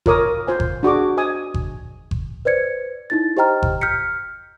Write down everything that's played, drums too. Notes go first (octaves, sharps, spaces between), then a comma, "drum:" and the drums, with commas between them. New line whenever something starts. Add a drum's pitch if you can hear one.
F4 A4 A#4 C#5 D6 D#6, drum: kick G1
F4 C5 G#5
drum: kick G1
D4 F#4 G#4 D6
C5 D#5 G#5 D#6
drum: kick G1
drum: kick G1
B4 C5 D5 G#6 C#7
D#4 E4 A6
G4 C5 D#5 G5 A#5 F6
drum: kick G1
F6 G6 B6 C#7